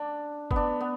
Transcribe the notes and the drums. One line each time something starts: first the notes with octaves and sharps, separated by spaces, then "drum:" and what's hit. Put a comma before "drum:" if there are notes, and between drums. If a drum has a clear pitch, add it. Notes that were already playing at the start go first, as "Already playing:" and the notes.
Already playing: D4
B3, drum: kick F#1
D4
B3